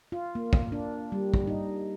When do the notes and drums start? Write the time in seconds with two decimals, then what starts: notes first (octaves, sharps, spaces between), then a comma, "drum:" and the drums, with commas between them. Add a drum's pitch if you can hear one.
0.12 F4
0.35 A#3
0.53 drum: kick
0.72 D4
1.12 G3
1.34 drum: kick
1.47 D#4